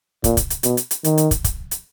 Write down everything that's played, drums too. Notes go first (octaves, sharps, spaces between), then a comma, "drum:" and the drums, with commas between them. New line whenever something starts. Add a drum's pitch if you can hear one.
A#2, drum: kick, hi-hat
drum: kick, hi-hat
drum: hi-hat
B2, drum: hi-hat
drum: hi-hat
drum: hi-hat
D#3, drum: hi-hat
drum: hi-hat
drum: kick, hi-hat
drum: kick, hi-hat
drum: hi-hat